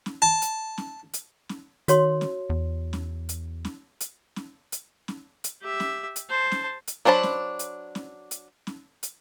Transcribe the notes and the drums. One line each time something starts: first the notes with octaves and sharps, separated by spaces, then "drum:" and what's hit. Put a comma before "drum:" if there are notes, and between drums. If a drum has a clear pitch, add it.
drum: snare
A5
drum: hi-hat
drum: snare
drum: hi-hat
drum: snare
D#3 F#4 C#5 C6, drum: hi-hat
drum: snare
E2
drum: snare
drum: hi-hat
drum: snare
drum: hi-hat
drum: snare
drum: hi-hat
drum: snare
drum: hi-hat
G4 E5
drum: snare
drum: hi-hat
C5 A5
drum: snare
drum: hi-hat
F#3 D4 C5 A5 B5
drum: snare
drum: hi-hat
drum: snare
drum: hi-hat
drum: snare
drum: hi-hat